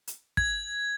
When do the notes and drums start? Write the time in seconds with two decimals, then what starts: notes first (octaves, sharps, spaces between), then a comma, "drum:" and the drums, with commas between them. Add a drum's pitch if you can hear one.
0.07 drum: hi-hat
0.37 G#6, drum: kick